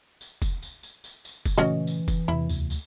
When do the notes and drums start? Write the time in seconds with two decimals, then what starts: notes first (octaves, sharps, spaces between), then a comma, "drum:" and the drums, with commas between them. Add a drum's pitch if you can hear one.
0.21 drum: tambourine
0.42 drum: kick, tambourine
0.62 drum: tambourine
0.83 drum: tambourine
1.04 drum: tambourine
1.25 drum: tambourine
1.46 drum: kick, tambourine
1.57 A#2 C#3 E3 A3 C#4 F#4 D#5
1.87 drum: tambourine
2.08 drum: kick, tambourine
2.28 E2 C3 E4
2.49 D2, drum: tambourine
2.70 drum: tambourine